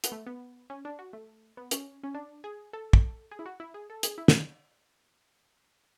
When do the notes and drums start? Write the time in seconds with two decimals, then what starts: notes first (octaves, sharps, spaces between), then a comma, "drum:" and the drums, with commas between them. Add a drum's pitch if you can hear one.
0.04 B3, drum: hi-hat
0.12 A3
0.26 B3
0.70 C#4
0.85 D4
0.99 F#4
1.13 A3
1.57 B3
1.71 C#4, drum: hi-hat
2.03 C#4
2.14 D4
2.44 G#4
2.73 A4
2.93 drum: kick
3.31 G#4
3.39 E4
3.46 F#4
3.60 E4
3.74 G#4
3.90 A4
4.03 G#4, drum: hi-hat
4.18 E4
4.28 drum: snare